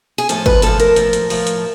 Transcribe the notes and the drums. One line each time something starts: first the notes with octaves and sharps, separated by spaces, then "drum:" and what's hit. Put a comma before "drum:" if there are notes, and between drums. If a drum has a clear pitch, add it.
G#4
A2 F3 A4, drum: hi-hat
B4, drum: kick
A2 F3 A4, drum: hi-hat
A#4, drum: hi-hat
A2 F3, drum: hi-hat
drum: hi-hat
A2 F3, drum: open hi-hat
drum: hi-hat